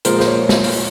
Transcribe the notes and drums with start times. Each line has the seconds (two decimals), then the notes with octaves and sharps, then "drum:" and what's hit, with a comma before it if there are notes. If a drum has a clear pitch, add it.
0.05 A#2 F3 G#3 A#4 C5, drum: hi-hat
0.20 C5, drum: snare
0.27 C#5
0.49 drum: snare
0.64 drum: open hi-hat